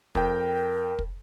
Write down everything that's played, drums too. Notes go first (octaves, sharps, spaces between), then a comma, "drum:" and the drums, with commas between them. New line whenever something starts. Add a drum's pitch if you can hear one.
F2 A#4 G5, drum: kick
drum: kick